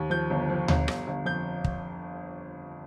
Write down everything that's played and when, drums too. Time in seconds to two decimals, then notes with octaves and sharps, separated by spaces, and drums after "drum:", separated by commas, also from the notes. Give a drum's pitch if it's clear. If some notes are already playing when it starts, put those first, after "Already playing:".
Already playing: D#2
0.10 F3 G6
0.30 G1
0.49 F3
0.68 G1, drum: tom D2
0.88 G1, drum: rim click
1.07 G1
1.25 F2 G6
1.64 drum: kick